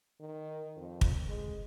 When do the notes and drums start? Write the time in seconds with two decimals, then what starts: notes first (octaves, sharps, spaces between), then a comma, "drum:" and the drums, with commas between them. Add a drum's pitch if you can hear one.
0.21 D#3
0.76 F2
1.01 drum: kick
1.28 G#3